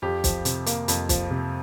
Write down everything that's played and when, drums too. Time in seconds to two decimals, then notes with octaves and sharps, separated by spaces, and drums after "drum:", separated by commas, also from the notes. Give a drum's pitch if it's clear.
0.02 F2 G4
0.24 F3, drum: kick B1, hi-hat
0.45 C3, drum: hi-hat
0.66 A#3, drum: hi-hat
0.88 F2, drum: hi-hat
1.09 F3, drum: kick B1, hi-hat
1.31 C3